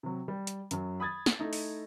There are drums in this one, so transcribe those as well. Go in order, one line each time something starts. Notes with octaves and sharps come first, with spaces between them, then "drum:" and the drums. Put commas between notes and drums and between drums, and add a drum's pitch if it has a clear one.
C3 F#3
G3
drum: hi-hat
F#2 F#3, drum: hi-hat
B5 D#6 G#6 A6
drum: snare
A3 D#4 E4
drum: open hi-hat